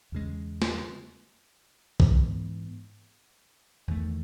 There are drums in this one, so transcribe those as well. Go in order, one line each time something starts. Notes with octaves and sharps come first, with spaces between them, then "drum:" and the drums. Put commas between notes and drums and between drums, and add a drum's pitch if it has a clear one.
E2 C#3 G#3
drum: snare
G#2 E3 B3, drum: kick B1
E2 D#3 A3